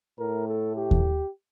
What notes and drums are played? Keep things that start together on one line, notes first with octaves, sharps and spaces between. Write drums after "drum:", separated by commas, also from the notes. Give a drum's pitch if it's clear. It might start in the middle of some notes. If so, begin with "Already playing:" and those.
A2 A3 A#4
A4
G4
drum: kick D#2